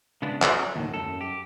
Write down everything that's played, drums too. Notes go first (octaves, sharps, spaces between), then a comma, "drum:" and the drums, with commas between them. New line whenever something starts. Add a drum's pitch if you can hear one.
C#3 G#3 B3 D4 E4
F#3, drum: clap
D#2 A2 D#3
F#2 A4
G4